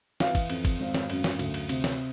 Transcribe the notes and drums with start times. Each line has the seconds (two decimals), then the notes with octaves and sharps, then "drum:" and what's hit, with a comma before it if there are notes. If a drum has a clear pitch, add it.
0.20 E3 F5, drum: snare
0.35 drum: kick, cymbal
0.50 F2, drum: cymbal
0.65 drum: kick, cymbal
0.80 G#1
0.94 drum: snare
1.10 F#2, drum: cymbal
1.24 drum: snare
1.39 D2, drum: cymbal
1.54 drum: cymbal
1.69 C3, drum: cymbal
1.84 drum: snare